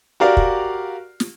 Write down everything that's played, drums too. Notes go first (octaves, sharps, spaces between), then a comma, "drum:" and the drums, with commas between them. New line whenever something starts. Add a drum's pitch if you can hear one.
F#4 G4 A#4 D5 F5
drum: kick
drum: snare